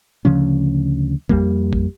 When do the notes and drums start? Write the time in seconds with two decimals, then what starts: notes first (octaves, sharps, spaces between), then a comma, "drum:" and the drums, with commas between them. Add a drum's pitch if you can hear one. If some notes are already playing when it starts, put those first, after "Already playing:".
0.25 D2 C#3 F3 C#4
1.29 F2 G3 A#3, drum: kick A1
1.73 drum: kick A1